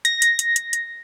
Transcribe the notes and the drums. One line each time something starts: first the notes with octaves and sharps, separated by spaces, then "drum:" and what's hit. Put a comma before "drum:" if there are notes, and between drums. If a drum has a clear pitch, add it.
A#6, drum: hi-hat
drum: hi-hat
drum: hi-hat
drum: hi-hat
drum: hi-hat